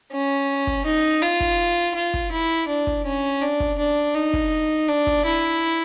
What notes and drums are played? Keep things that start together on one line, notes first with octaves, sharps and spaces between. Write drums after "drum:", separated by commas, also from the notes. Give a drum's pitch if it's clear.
C#4
drum: kick
D#4
F4
drum: kick
F4
drum: kick
E4
D4
drum: kick
C#4
D4
drum: kick
D4
D#4
drum: kick
D4
drum: kick
E4